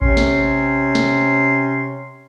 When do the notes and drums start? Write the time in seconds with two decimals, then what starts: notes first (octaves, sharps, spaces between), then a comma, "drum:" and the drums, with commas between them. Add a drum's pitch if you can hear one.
0.01 C3 C4 C#4 C#5 C6, drum: kick A1
0.17 drum: snare
0.95 drum: snare